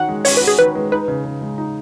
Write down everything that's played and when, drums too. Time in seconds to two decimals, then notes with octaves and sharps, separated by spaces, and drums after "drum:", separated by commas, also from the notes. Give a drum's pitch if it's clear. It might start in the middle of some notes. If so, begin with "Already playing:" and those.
Already playing: D#3 C#4 F#4 F#5
0.08 G#3
0.25 C#4 C#5, drum: open hi-hat
0.37 F#4 B4
0.47 G#4
0.59 D#3 B4
0.75 G#3
0.92 D#4 B4
1.08 C#3
1.25 C#3
1.41 G#3
1.58 D#4